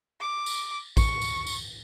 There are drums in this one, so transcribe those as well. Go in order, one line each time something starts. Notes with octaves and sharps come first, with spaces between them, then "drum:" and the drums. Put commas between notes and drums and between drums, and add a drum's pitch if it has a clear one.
D6
drum: tambourine
C#6, drum: kick A1, tambourine
drum: tambourine
drum: tambourine